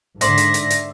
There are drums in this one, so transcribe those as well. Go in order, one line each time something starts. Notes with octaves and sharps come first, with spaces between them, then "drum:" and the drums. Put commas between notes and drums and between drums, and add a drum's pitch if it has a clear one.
G#2 D3 C5 D5 E5 A#6, drum: hi-hat
drum: hi-hat
drum: hi-hat
drum: hi-hat